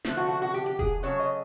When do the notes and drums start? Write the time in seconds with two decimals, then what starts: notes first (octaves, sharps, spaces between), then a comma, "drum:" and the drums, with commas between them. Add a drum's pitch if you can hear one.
0.05 D3 F3 A3, drum: snare
0.17 F#4
0.29 F#4
0.42 F#4
0.54 G4
0.66 G4
0.79 G#4, drum: kick E1
1.03 C#3 F#3 A3 C#5
1.19 D#5